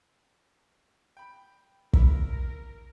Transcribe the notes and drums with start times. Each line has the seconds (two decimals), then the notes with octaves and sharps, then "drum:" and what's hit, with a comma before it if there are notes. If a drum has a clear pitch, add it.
1.17 G5 B5
1.93 E4 A#4 A#5 B5, drum: kick